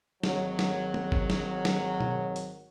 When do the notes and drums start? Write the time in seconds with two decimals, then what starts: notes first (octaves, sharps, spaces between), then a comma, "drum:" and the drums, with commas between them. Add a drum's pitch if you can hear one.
0.23 G#1 D#3 F#3, drum: snare
0.59 drum: snare
0.94 drum: tom
1.12 drum: kick F#1
1.30 drum: snare
1.65 drum: snare
2.00 drum: tom B2
2.36 drum: hi-hat